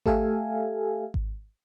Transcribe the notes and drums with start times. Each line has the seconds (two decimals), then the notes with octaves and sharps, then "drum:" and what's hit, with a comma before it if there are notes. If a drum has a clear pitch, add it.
0.06 A3 G4 A4 E5 F5 G#5, drum: kick G#1
1.14 drum: kick G#1